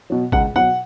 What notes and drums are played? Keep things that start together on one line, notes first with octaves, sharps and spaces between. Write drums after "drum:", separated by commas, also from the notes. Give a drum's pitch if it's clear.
B2 F#3
C#2 F#5, drum: kick G#1
B2 F#3 F#5